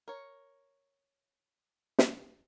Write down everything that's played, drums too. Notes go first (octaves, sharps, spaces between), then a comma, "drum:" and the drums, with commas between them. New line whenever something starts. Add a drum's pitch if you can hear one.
A#4 C#5
drum: snare